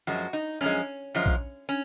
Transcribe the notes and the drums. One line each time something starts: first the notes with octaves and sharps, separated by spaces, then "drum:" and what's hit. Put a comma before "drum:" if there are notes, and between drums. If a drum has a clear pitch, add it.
F#2 F3 G#3 F#4
D#4
F#2 F3 G#3 C#4
F#2 F3 G#3
drum: kick A#1
C#4, drum: hi-hat